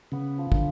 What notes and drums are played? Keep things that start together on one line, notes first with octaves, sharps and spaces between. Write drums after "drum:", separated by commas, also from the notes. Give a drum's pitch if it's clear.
C#3 B3
F3
D3, drum: kick